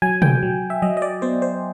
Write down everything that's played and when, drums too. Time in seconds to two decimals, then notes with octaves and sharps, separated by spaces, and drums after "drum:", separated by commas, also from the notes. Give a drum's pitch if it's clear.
0.02 F#3 G#5
0.22 G5, drum: tom
0.43 F#3
0.70 E5
0.82 F#3 D#5
0.97 D#5
1.02 D5
1.22 B3 C5
1.42 C5